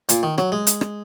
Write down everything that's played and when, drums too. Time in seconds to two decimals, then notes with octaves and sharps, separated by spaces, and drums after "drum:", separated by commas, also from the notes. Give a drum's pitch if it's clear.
0.09 A#2, drum: hi-hat
0.23 D#3
0.38 F#3, drum: rim click
0.52 G#3
0.67 drum: hi-hat
0.81 drum: rim click